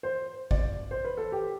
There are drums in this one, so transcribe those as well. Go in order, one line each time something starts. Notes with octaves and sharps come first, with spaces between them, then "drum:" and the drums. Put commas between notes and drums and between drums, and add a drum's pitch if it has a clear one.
C5
D5, drum: kick
C5
B4
A4
G4